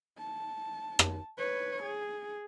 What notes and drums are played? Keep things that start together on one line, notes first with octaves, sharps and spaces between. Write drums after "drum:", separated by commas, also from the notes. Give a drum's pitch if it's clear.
A5
drum: rim click
B4 C#5
G#4